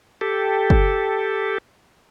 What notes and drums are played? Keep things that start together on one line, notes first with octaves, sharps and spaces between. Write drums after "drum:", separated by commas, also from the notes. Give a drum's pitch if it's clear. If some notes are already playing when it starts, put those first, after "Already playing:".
G4 A4
drum: kick F#1